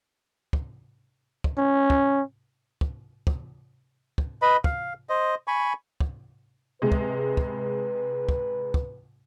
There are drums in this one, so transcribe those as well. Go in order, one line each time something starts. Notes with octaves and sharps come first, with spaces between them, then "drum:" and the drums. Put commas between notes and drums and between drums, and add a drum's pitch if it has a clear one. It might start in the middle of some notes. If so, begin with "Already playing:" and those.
drum: kick
drum: kick
C#4
drum: kick
drum: kick
drum: kick
drum: kick
B4 D#5 B5
F5, drum: kick
C5 D#5
G#5 B5 C#6
drum: kick
C3 G#3 B4
drum: kick
drum: kick
drum: kick
drum: kick